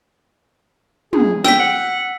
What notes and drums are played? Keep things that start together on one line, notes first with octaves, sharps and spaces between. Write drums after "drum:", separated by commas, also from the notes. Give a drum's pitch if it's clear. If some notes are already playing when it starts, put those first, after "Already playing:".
G#4, drum: tom
G5 E6 B6, drum: snare
F#5